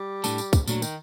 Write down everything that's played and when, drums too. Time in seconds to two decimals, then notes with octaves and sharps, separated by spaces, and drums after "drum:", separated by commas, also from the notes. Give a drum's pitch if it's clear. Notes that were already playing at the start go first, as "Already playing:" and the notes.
Already playing: G3
0.24 A2 A3 D4 A4, drum: tambourine
0.38 drum: tambourine
0.53 drum: kick, tambourine
0.68 A#2 F#3 A3 D4, drum: tambourine
0.82 D#3, drum: tambourine